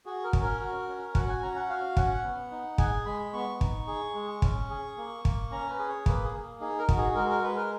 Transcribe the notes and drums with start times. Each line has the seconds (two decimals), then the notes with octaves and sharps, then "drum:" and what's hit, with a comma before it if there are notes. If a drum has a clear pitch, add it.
0.06 F#4 G#4
0.24 A#4
0.33 C#4, drum: kick
0.42 A#4
0.60 F#4
0.88 C#4
1.15 F#4 F#5, drum: kick
1.28 G#5
1.42 C#4 A#5
1.56 F#5
1.69 F#4 F5
1.97 C#4 F#5, drum: kick
2.24 B3
2.51 D#4
2.78 G#4 G#5, drum: kick
3.06 G#3 B5
3.33 B3 C#6
3.61 D#4, drum: kick
3.88 G#4
4.15 G#3
4.42 C#4, drum: kick
4.70 G#4
4.97 A#3
5.25 A#3, drum: kick
5.52 C#4 A#5
5.70 B4
5.79 G#4
5.88 C#5
6.06 A#3 B4, drum: kick
6.24 G#4
6.33 A#3
6.60 D#4 G#4
6.79 A#4
6.89 F#4, drum: kick
6.97 G#4
7.15 G#3 A#4
7.29 A#4
7.43 G#3 B4
7.56 A#4